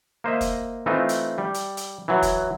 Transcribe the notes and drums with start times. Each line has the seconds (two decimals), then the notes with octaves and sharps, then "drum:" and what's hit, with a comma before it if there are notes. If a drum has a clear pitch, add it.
0.24 A#3 C5 D#5 E5
0.41 drum: kick, hi-hat
0.86 E3 A3 C4 D#4 F4
1.09 drum: hi-hat
1.38 G3
1.54 drum: hi-hat
1.77 drum: hi-hat
2.08 E3 F#3
2.22 drum: kick, hi-hat